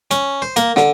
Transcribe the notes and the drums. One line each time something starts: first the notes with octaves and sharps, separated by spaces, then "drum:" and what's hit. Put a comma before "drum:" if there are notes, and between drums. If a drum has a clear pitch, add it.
C#4, drum: hi-hat
C5
A#3, drum: hi-hat
D3, drum: snare